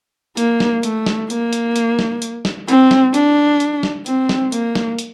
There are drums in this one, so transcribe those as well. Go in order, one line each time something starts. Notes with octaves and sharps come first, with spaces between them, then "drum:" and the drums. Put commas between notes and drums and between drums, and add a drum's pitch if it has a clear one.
A#3, drum: hi-hat
drum: snare
A3, drum: hi-hat
drum: snare
A#3, drum: hi-hat
drum: hi-hat
drum: hi-hat
drum: snare
drum: hi-hat
drum: snare
C4, drum: hi-hat
drum: snare
D4, drum: hi-hat
drum: hi-hat
drum: snare
C4, drum: hi-hat
drum: snare
A#3, drum: hi-hat
drum: snare
drum: hi-hat